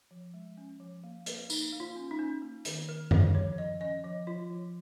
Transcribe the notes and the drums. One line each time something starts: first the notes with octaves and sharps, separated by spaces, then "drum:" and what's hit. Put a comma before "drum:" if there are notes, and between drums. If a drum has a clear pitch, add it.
F3
G#3
C#4
F3
A#3
A#3, drum: hi-hat
A#3 D#4, drum: tambourine
A#3
F4
C#4
D#4
C#4
A#3
D#3, drum: hi-hat
D#3 A#4
D#3, drum: tom F#2
F3 C#5
F3 D#5
C#4 D#5
F3 D#5
F3 F4
F3